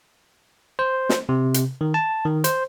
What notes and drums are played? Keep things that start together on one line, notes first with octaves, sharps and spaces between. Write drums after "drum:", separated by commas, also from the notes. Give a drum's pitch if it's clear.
C5
drum: snare
C3
drum: hi-hat
D#3
A5
D#3
C5, drum: hi-hat